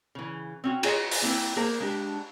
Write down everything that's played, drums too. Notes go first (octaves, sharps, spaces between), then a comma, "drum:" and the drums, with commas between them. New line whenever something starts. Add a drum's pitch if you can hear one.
C#3 E3
C4 C#4 F#4
F4 F#4 G#4 C#5 D#5, drum: cymbal
drum: open hi-hat
A#3 C4 E4
A#3 G#4 A#4 C5 A#5
G#3 D4 G4